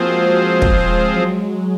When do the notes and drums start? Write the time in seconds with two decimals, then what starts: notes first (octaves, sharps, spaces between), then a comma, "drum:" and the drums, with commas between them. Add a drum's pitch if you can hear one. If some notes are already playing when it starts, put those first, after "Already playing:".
Already playing: F3 A#3 C4 F4 F#4 G#4 C5
0.11 G#3
0.62 drum: kick
1.14 F#3